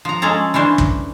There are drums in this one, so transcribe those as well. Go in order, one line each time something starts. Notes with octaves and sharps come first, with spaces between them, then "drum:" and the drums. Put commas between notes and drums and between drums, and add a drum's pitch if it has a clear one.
F3 A#5
G#3 C#4 G#4 A4 A#5
E3 C#4 D4 C5
drum: kick